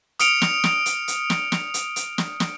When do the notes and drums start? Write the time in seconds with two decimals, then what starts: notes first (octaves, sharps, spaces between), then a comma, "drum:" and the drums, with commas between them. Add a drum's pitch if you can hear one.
0.19 D#6 F6 C#7 D7 F7, drum: hi-hat
0.42 drum: snare
0.64 drum: snare
0.86 drum: hi-hat
1.08 drum: hi-hat
1.30 drum: snare
1.52 drum: snare
1.74 drum: hi-hat
1.96 drum: hi-hat
2.18 drum: snare
2.40 drum: snare